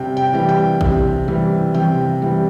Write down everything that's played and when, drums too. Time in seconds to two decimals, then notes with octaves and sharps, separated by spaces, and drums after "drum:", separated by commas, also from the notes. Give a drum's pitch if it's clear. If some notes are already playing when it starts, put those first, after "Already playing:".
Already playing: C3 G3 G5
0.17 G5
0.33 E3 G3
0.49 G5
0.81 C3, drum: kick
1.28 E3 G3
1.74 C3 G5, drum: tom D#3
2.22 E3 G3